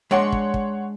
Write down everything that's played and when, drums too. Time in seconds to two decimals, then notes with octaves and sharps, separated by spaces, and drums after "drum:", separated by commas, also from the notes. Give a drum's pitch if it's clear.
0.11 G#3 D4 C#5 D5 F#5 C6
0.32 drum: kick
0.54 drum: kick